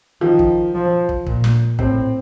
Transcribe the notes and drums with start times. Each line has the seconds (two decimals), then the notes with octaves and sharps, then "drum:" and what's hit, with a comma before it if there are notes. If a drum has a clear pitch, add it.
0.21 D#3 F3
0.39 drum: kick
0.75 F3
1.09 drum: kick
1.26 A#2, drum: kick
1.44 drum: snare
1.79 A2 C4, drum: kick